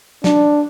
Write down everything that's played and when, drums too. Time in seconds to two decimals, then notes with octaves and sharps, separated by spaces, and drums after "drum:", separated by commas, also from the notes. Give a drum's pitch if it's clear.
0.24 D4, drum: snare